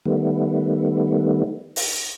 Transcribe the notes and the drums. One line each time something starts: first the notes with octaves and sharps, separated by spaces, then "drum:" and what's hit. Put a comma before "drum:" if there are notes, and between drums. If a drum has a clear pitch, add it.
D#3 G3 A3 B3
drum: open hi-hat